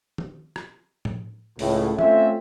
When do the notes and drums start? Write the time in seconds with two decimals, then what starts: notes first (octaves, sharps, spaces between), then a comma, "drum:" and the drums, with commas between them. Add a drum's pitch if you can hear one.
0.18 drum: tom D#3
0.56 drum: rim click
1.05 drum: tom A2
1.59 C#2 A2, drum: open hi-hat
1.99 A3 C4 C#4 F4 E5, drum: tom D#3